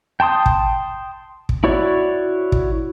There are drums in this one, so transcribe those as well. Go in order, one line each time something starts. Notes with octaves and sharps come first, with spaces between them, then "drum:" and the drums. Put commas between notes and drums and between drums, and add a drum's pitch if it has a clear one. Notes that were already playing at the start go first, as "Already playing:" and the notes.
G5 A5 C6 D#6
drum: kick
drum: kick
E4 F#4 C#5 D5
drum: kick